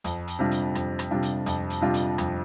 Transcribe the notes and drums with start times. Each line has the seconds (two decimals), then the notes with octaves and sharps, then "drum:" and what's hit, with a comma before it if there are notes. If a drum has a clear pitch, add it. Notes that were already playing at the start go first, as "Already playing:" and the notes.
0.04 F2, drum: hi-hat
0.28 drum: hi-hat
0.39 C3 G3 D4 F4
0.51 drum: hi-hat
0.75 F2, drum: rim click
0.99 drum: rim click
1.11 C3 G3 D4 F4
1.23 drum: hi-hat
1.46 F2, drum: hi-hat
1.70 drum: hi-hat
1.81 C3 G3 D4 F4
1.94 drum: hi-hat
2.18 F2, drum: rim click